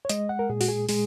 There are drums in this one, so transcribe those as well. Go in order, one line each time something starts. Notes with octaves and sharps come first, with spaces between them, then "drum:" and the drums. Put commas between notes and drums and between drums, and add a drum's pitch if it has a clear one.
C#5
G#3 D#5, drum: hi-hat
F#5
A#4
A#2 G#4
F#4, drum: open hi-hat
G#4
G#3 G#4, drum: open hi-hat